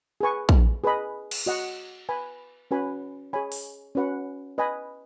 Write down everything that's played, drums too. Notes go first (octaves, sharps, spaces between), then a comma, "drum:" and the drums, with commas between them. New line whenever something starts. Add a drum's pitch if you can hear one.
G#4 B4 G#5 C#6
drum: kick
G#4 B4 D#5 B5
drum: cymbal
F#4 D#5 F#5
B4 G#5 B5
C#4 F#4 B4 G#5 B5
G#4 C#5 G#5 B5
drum: open hi-hat
C#4 F#4 B4 F#5
B4 D#5 G#5 B5